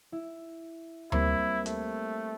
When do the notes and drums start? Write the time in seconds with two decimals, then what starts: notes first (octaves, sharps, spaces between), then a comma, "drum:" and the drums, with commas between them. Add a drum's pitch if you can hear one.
0.12 E4
1.12 G3 A#3 C4 E4, drum: tom D2
1.66 A3, drum: hi-hat